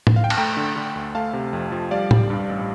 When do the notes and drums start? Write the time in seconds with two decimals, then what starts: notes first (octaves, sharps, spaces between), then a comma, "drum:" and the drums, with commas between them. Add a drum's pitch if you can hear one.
0.07 drum: tom A2
0.16 F5
0.24 G5
0.30 A5, drum: cymbal
0.37 A3 G5 A#5
0.57 D3
0.76 D3
0.95 D2
1.15 A3 F5 A5
1.33 C3
1.53 F2
1.72 F3
1.91 G3 D5 F5
2.11 G3, drum: tom
2.30 G2
2.50 A1